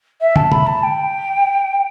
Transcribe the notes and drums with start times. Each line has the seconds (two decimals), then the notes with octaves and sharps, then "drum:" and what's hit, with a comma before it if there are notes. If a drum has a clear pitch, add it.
0.21 E5
0.36 A5, drum: tom
0.52 B5, drum: tom
0.66 A5
0.83 G5